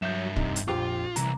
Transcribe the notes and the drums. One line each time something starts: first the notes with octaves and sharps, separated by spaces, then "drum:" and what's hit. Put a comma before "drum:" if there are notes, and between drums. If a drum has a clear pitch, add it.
G2 F#3 E5 G6 E7
C3 D#4, drum: kick
drum: hi-hat
A#1 F2 F4 G4 D6
C2 E3 A#5, drum: hi-hat